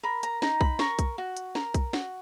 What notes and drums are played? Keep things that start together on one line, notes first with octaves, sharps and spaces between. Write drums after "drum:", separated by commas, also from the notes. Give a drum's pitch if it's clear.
A#4 B5
A#5, drum: hi-hat
D#4 A#5, drum: snare
B5, drum: kick B1
A#4 C#6, drum: snare
drum: kick B1, hi-hat
F#4
drum: hi-hat
A#4, drum: snare
drum: kick B1, hi-hat
F#4, drum: snare